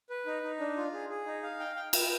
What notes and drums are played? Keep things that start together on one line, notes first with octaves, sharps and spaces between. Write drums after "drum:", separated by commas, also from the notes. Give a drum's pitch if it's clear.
B4
D#4
D#4
D4
F4
G#4
G#4
D#4
F5
G5
G5
G5, drum: cymbal